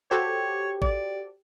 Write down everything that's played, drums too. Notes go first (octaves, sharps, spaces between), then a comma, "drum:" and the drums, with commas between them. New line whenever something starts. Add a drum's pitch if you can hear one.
F#4 G4 A4 C5 C#5
D5, drum: kick